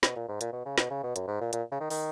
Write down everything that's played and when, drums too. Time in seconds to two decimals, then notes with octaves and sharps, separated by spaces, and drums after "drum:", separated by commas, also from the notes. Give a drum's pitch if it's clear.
0.03 B2, drum: snare
0.16 A#2
0.28 G#2
0.41 A#2, drum: hi-hat
0.53 B2
0.66 C#3
0.78 B2, drum: snare
0.90 C#3
1.03 B2
1.16 F#2, drum: hi-hat
1.27 G#2
1.41 A#2
1.53 A#2, drum: hi-hat
1.72 C#3
1.80 D#3
1.90 D#3, drum: open hi-hat